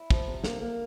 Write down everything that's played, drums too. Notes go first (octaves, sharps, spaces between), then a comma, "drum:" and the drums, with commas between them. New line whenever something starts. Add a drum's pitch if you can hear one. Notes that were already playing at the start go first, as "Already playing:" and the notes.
Already playing: E4
F3, drum: kick
C3
A#3, drum: snare
A#3